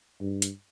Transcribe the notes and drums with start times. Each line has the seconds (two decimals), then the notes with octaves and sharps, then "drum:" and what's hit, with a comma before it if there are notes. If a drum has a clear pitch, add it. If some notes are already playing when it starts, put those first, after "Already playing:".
0.21 G2
0.42 drum: hi-hat